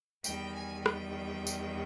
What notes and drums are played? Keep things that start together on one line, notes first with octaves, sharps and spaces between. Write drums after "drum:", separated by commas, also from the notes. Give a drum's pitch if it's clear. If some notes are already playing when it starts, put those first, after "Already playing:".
E2 D#3 G3 G5, drum: tambourine
G#5
G5, drum: rim click
drum: tambourine